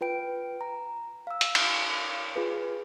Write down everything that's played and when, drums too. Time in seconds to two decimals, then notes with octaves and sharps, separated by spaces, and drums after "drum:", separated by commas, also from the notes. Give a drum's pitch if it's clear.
0.01 F4 B4 G5 D7
0.61 A#5
1.27 F5 E6
1.41 drum: hi-hat
1.55 drum: cymbal
2.36 F4 G#4 B4